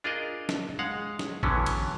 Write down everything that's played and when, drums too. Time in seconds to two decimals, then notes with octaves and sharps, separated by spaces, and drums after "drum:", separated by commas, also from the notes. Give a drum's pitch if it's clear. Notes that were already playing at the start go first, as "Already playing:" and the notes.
0.04 D4 F4 G#4 A#4 D5 D#5
0.49 drum: snare
0.79 G#3 F5 F#5
1.19 drum: snare
1.43 D3 E3 F#3 B3 C#4, drum: kick A1
1.66 drum: cymbal